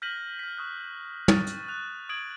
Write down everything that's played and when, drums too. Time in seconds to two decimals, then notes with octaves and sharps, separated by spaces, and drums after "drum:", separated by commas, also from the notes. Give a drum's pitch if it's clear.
0.02 F6 G6 A#6 B6 D#7 F#7
0.39 F6 B6
0.57 C#6 D#6 F#6
1.28 C#6 D#6 A6 D#7, drum: tom
1.47 drum: hi-hat
1.68 F#6 F7
2.09 D#6 G#6 D7 F#7